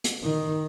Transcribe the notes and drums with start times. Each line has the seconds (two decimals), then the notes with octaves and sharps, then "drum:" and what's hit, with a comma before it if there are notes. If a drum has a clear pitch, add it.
0.04 drum: hi-hat
0.23 D#3